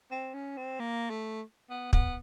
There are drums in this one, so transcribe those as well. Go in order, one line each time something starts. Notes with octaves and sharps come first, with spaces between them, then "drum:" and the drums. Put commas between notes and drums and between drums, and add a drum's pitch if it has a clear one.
C4
C#4
C4
A#3
A3
B3
B3, drum: kick